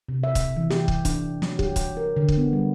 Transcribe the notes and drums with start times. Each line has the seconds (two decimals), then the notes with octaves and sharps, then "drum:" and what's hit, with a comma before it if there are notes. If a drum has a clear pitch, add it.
0.09 C3
0.24 E5
0.35 drum: kick, hi-hat
0.57 E3
0.70 G4, drum: snare
0.88 drum: kick
1.05 D4, drum: kick, hi-hat
1.42 F#3, drum: snare
1.59 G4, drum: kick
1.76 drum: kick, hi-hat
1.97 A#4
2.17 D3
2.28 drum: kick
2.38 B3
2.53 G3